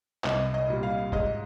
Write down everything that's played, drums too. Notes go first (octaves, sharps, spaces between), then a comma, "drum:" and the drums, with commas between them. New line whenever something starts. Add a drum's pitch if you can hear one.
C2 D#5, drum: clap
D#5
A#2 G3
F5
G#2 D#5, drum: kick